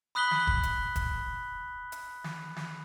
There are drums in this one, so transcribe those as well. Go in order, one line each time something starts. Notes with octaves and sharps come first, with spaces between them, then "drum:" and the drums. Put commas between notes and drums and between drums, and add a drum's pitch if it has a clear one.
B5 D#6 F#6 B6 F#7 G7
drum: snare
drum: kick
drum: hi-hat
drum: kick, hi-hat
drum: hi-hat
drum: snare
drum: snare